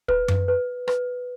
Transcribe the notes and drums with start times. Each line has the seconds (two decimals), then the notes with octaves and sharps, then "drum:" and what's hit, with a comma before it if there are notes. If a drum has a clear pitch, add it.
0.08 B4, drum: kick
0.28 drum: tom F#2
0.48 B4
0.88 B4, drum: rim click